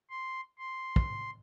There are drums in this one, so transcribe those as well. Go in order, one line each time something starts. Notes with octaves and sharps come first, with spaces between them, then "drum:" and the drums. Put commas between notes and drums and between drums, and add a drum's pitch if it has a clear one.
C6
C6
drum: kick